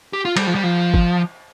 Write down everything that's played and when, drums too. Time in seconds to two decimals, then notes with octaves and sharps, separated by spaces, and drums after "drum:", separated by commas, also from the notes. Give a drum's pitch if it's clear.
0.13 G4
0.25 F4
0.37 G3, drum: cymbal
0.47 F3
0.55 G3
0.64 F3
0.94 drum: kick G1